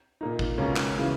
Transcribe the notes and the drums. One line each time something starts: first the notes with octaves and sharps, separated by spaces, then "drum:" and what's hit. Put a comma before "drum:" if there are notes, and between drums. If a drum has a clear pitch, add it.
A#2 A#3 D#4
drum: kick
C#2 B2 A#3 C#4
drum: clap
C#3 E3